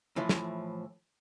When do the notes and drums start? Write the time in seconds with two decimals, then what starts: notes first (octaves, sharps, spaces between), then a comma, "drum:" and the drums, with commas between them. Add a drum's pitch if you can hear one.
0.16 A2 E3 F3
0.29 drum: snare